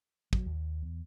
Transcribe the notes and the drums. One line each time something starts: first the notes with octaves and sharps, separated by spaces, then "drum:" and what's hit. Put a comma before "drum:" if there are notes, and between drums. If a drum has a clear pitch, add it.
F#3, drum: kick
D#2
E2